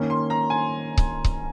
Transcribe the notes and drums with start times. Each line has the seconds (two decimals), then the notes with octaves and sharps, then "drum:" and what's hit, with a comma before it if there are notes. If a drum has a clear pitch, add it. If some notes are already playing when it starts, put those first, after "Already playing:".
Already playing: D#3 A#3 C#4
0.10 C6
0.30 A#5
0.50 G#5
0.97 drum: kick C#1
1.24 drum: kick C#1